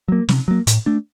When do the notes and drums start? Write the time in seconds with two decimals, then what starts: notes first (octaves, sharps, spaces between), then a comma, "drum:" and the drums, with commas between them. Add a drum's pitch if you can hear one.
0.08 F#3 A#3
0.29 C3, drum: snare
0.48 F#3 A#3
0.67 A2, drum: hi-hat
0.86 A3 D4